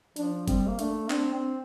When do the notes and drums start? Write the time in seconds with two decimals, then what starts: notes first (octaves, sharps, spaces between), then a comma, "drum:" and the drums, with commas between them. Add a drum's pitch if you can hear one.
0.16 F3 D4, drum: hi-hat
0.48 G3 C4, drum: kick F#1, hi-hat
0.68 A#3
0.79 A3 D4, drum: hi-hat
1.10 C4 D4, drum: clap
1.33 C4